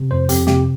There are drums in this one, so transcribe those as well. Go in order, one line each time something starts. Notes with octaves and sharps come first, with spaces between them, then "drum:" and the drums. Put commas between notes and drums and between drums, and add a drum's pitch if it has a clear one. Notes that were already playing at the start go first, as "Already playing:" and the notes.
Already playing: C3
F2 C5
F2 G4, drum: hi-hat
C3 G4, drum: snare